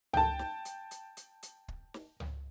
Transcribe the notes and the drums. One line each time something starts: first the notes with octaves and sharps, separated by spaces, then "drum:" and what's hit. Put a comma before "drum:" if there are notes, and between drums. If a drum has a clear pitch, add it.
G5 A5, drum: tom C#2
drum: snare
drum: hi-hat
drum: hi-hat
drum: hi-hat
drum: hi-hat
drum: kick
drum: snare
drum: tom C#2